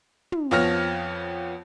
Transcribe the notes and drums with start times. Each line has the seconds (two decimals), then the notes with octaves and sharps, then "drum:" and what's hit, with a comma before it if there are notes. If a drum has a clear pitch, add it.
0.32 drum: tom
0.51 F2 F3 B3 C#5 F6 A#6